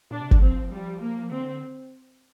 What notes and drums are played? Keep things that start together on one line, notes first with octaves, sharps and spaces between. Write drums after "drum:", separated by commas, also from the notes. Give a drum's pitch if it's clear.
A#2 D4
C3
D3, drum: kick
F3 C4
G3
A#3
D3 C4